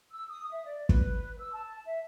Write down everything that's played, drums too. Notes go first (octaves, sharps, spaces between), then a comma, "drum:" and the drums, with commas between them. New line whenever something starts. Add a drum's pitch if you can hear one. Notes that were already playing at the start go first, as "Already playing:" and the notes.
E6
D#6
E5
D5
B4, drum: kick
E6
A5
E5